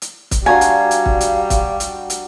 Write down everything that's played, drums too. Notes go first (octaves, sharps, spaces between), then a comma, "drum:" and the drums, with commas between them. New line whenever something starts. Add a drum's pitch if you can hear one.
drum: hi-hat
drum: kick, hi-hat
G3 D4 F#4 F5 G#5 A#5
drum: hi-hat
drum: hi-hat
drum: kick
drum: hi-hat
drum: kick, hi-hat
drum: hi-hat
drum: hi-hat